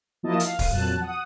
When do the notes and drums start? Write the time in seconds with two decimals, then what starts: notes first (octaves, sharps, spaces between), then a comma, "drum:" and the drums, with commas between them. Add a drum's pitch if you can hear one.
0.23 F3 A#3 E4 F#4 D#5 A5
0.40 F5, drum: hi-hat
0.59 drum: kick, open hi-hat
0.70 F2 A#2 F#3 A5 F#6
1.01 F#5 D#6